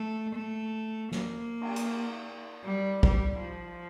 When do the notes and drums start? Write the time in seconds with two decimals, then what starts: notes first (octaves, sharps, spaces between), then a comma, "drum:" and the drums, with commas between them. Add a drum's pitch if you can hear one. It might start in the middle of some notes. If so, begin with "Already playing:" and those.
Already playing: A3
0.35 A3
1.12 A#3, drum: snare
1.61 drum: cymbal
1.76 drum: hi-hat
2.64 G3
3.03 G3, drum: kick G#1
3.41 F3